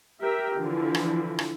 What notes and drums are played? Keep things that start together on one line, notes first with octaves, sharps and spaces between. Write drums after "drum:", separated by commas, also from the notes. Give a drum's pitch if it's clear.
G4 A#4 E5 G5
D3 E3 F3 E4
drum: rim click
drum: rim click